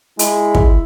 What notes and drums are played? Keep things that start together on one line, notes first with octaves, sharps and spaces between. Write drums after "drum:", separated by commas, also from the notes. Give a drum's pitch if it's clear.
G#3 E4, drum: hi-hat
drum: kick